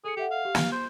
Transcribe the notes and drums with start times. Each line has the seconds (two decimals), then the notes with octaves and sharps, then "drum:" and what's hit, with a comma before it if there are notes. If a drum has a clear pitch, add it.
0.04 G#4 A4 C#7
0.17 G4 A4 E5 F#5
0.31 F5
0.45 G4
0.55 drum: snare
0.72 C5 G6